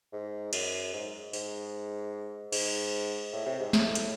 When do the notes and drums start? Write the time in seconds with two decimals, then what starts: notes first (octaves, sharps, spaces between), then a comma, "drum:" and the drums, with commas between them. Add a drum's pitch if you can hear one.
0.13 G#2
0.53 F#2, drum: cymbal
0.93 G#2
1.33 G#2, drum: open hi-hat
2.53 G#2, drum: cymbal
3.33 A2
3.46 C3
3.60 G#2
3.73 A2, drum: snare
3.95 drum: hi-hat